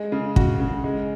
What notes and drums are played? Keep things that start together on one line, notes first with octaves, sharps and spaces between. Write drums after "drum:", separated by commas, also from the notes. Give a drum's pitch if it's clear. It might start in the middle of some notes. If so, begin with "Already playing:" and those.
Already playing: G#3
C#3
F#4, drum: kick
C#3
G#3